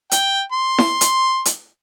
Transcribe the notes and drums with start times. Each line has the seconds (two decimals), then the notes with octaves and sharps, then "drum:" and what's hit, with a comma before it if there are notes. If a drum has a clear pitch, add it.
0.11 G5, drum: hi-hat
0.52 C6
0.78 drum: snare E4
1.01 drum: hi-hat
1.45 drum: hi-hat